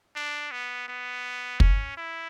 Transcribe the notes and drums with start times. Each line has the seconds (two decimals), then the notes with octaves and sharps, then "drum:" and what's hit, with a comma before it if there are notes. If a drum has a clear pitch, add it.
0.16 D4
0.51 B3
0.88 B3
1.60 C#4, drum: kick
1.97 E4